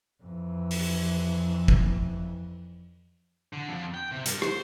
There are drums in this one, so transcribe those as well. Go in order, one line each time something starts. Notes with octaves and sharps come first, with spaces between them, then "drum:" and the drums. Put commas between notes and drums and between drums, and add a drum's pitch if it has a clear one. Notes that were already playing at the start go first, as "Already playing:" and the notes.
F2 E3
drum: open hi-hat
drum: kick
D3
F2
G5
C3
G2, drum: hi-hat
C5, drum: rim click